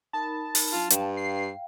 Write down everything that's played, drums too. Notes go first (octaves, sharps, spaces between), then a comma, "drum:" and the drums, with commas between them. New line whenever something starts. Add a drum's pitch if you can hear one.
D#4 A#4 A5 B5
drum: open hi-hat
F#3 D4 F4 F5
G2 F5 G5, drum: hi-hat
C7